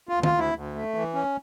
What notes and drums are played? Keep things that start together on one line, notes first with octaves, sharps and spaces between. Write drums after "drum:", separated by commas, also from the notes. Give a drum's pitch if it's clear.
D2 F4
F4, drum: tom
D2
E4
D2
A3
E3
C#4